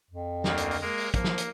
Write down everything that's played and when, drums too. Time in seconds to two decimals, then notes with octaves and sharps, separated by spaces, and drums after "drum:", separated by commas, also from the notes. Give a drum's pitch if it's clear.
0.11 F2
0.44 D2 D3 A#3, drum: snare
0.57 drum: hi-hat
0.71 drum: open hi-hat
0.81 G#3 A#3 A#4
0.98 drum: open hi-hat
1.14 F3 A#3, drum: kick, hi-hat
1.24 drum: snare
1.38 drum: hi-hat